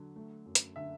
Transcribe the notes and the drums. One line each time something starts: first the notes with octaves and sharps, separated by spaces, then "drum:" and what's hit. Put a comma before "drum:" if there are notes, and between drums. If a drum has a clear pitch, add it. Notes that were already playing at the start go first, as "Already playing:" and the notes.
Already playing: D3 F#3
A3
F#2
drum: hi-hat
D3 E5